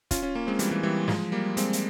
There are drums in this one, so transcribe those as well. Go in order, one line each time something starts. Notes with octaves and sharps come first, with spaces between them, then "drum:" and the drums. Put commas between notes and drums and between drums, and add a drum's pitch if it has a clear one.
C#4 F4, drum: kick, hi-hat
C#4 F4
A#3 C#4
G#3 C4
E3 G3, drum: hi-hat
E3 G3
E3 G3
F3 G#3, drum: snare
G3 A#3
G#3 C4, drum: hi-hat
drum: hi-hat